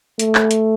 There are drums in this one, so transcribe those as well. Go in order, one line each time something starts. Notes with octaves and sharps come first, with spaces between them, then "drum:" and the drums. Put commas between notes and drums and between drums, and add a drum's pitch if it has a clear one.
A3, drum: hi-hat
drum: clap
drum: hi-hat